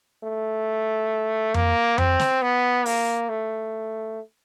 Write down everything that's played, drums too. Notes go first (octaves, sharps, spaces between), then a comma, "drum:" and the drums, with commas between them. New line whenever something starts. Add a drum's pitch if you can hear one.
A3
A#3, drum: tom F2
C4, drum: tom F2
drum: snare
B3
A#3, drum: open hi-hat
A3